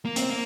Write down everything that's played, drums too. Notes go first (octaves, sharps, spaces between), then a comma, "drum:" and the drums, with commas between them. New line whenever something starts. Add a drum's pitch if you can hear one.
A#3
C4, drum: hi-hat
A#3